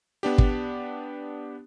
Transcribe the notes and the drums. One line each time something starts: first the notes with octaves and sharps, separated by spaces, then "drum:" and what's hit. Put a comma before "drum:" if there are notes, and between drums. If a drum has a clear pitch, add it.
B3 D4 G4
drum: kick